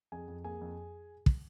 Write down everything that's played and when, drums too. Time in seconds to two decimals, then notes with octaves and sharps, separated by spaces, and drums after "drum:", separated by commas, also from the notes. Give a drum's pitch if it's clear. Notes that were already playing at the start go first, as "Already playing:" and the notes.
0.12 F2 G#4 G#5
0.28 F2
0.44 A#3 G#4 G#5
0.61 F2
1.26 drum: kick